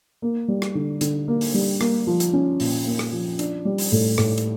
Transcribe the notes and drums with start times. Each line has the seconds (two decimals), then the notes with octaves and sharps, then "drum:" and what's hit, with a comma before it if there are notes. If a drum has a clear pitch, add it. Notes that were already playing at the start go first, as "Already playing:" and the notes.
0.22 A#3
0.48 G3
0.62 drum: rim click
0.75 D3
1.01 D3, drum: hi-hat
1.28 A#3
1.41 drum: open hi-hat
1.54 G3
1.81 A#3, drum: rim click
2.07 F3
2.20 drum: hi-hat
2.33 C#4
2.60 A#2, drum: open hi-hat
2.86 A#3
2.99 drum: rim click
3.13 F3
3.39 D4, drum: hi-hat
3.65 G3
3.78 drum: open hi-hat
3.92 A2
4.18 A2, drum: rim click
4.38 drum: hi-hat